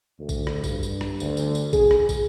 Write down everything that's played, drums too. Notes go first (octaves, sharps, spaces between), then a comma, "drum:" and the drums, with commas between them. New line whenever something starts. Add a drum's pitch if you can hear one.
D2
drum: kick, tambourine
drum: rim click
G2, drum: kick, tambourine
drum: tambourine
drum: rim click
D2, drum: tambourine
drum: tambourine
drum: tambourine
G#4, drum: kick, tambourine
drum: rim click
drum: kick, tambourine